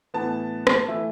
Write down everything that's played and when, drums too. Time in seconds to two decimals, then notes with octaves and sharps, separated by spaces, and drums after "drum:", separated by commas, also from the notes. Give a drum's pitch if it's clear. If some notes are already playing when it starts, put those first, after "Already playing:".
0.14 A2 E3 B3 A5
0.67 drum: rim click
0.88 E3 A3 E4